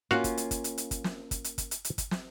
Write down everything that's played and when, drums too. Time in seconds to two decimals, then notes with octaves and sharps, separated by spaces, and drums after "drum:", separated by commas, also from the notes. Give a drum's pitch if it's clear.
0.11 A#3 C#4 F4 F#4 F5
0.24 drum: kick, hi-hat
0.37 drum: hi-hat
0.51 drum: kick, hi-hat
0.64 drum: hi-hat
0.78 drum: hi-hat
0.91 drum: kick, hi-hat
1.04 drum: snare
1.31 drum: kick, hi-hat
1.44 drum: hi-hat
1.58 drum: kick, hi-hat
1.71 drum: hi-hat
1.85 drum: hi-hat
1.98 drum: kick, hi-hat
2.11 drum: snare